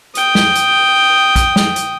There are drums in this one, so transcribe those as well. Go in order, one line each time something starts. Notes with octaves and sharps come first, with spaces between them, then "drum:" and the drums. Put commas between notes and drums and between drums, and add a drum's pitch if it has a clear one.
G5 D#6, drum: hi-hat
drum: snare
drum: hi-hat
drum: kick B1, hi-hat
drum: snare
drum: hi-hat